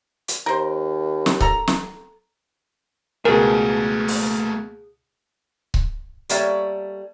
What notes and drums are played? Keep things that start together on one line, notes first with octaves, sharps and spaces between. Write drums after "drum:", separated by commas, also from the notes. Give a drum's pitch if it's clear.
drum: hi-hat
D#2 A#4 C5
drum: snare
A4 A#5, drum: kick C#1
drum: snare
C#2 B2 A3 A#3 G#4 A#4
drum: open hi-hat
drum: kick C#1
G3 A#3 A4 C#5 E5 A5, drum: hi-hat